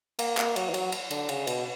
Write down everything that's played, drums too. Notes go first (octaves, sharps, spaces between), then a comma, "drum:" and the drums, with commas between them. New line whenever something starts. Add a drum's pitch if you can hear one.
A#3, drum: cymbal
A#3, drum: clap
F#3, drum: cymbal
E3
F#3, drum: cymbal
drum: cymbal
D3, drum: cymbal
C#3, drum: cymbal
B2, drum: cymbal